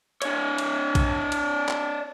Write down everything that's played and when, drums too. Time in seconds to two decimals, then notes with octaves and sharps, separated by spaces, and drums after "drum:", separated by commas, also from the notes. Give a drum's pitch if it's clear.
0.22 D4 C#5, drum: cymbal
0.58 drum: cymbal
0.95 drum: kick A#1, cymbal
1.32 drum: cymbal
1.69 drum: clap